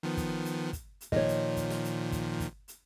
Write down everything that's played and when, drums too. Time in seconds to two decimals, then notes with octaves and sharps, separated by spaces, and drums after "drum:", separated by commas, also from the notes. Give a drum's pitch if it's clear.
0.03 D#3 F3 B3
0.17 drum: kick, hi-hat
0.45 drum: hi-hat
0.73 drum: kick, hi-hat
1.01 drum: hi-hat
1.12 A#2 D#3 F3 C#5 D#5, drum: kick
1.29 drum: hi-hat
1.56 drum: kick, hi-hat
1.70 drum: snare
1.84 drum: hi-hat
2.12 drum: kick, hi-hat
2.40 drum: kick, hi-hat
2.68 drum: hi-hat